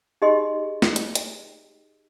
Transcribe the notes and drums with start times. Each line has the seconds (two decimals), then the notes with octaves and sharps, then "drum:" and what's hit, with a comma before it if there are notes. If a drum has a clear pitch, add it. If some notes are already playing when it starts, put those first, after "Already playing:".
0.22 D#4 G4 G#4 D#5 C6
0.82 drum: snare
0.96 drum: hi-hat
1.15 drum: hi-hat